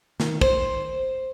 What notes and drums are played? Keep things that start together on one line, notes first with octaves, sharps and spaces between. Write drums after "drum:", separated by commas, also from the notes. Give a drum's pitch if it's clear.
D#3, drum: snare
C5, drum: kick